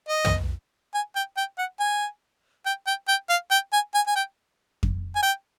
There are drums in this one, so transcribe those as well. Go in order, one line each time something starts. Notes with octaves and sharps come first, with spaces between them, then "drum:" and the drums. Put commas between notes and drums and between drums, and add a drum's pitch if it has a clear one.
D#5
drum: tom
G#5
G5
G5
F#5
G#5
G5
G5
G5
F5
G5
G#5
G#5
G#5
G5
drum: kick F2
G#5
G5